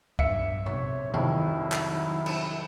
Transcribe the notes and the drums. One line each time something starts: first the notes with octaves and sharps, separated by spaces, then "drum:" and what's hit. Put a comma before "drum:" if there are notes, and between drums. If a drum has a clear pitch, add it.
B1 G2 E5 C#7, drum: kick
C3 C#5, drum: tom
C2 F2 D#3 F#3 E4, drum: tom D#3
drum: clap
drum: cymbal